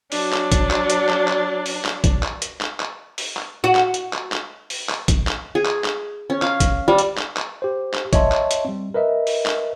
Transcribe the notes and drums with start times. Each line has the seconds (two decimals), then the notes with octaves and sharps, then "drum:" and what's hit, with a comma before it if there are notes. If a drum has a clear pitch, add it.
0.12 F#3 D4, drum: open hi-hat
0.33 drum: clap
0.52 drum: kick, hi-hat
0.71 drum: clap
0.90 drum: hi-hat
1.09 drum: clap
1.28 drum: clap
1.66 drum: open hi-hat
1.85 drum: clap
2.04 drum: kick, hi-hat
2.23 drum: clap
2.42 drum: hi-hat
2.61 drum: clap
2.80 drum: clap
3.18 drum: open hi-hat
3.37 drum: clap
3.64 F#4
3.75 drum: clap
3.94 drum: hi-hat
4.13 drum: clap
4.32 drum: clap
4.70 drum: open hi-hat
4.89 drum: clap
5.08 drum: kick, hi-hat
5.27 drum: clap
5.55 G#4
5.65 drum: clap
5.84 drum: clap
6.30 C#4
6.42 F5, drum: clap
6.60 drum: kick, hi-hat
6.88 G3
6.98 drum: hi-hat
7.17 drum: clap
7.37 drum: clap
7.62 G4 C5
7.94 drum: clap
8.13 C#5 D#5 E5 A5 C6, drum: kick, hi-hat
8.32 drum: clap
8.51 drum: hi-hat
8.65 G3 C4
8.94 A#4 B4 D#5 E5
9.27 drum: open hi-hat
9.46 drum: clap